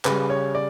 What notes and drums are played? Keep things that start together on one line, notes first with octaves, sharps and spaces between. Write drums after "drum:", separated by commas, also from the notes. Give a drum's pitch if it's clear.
C#3 G3 B4, drum: clap
C#5
D5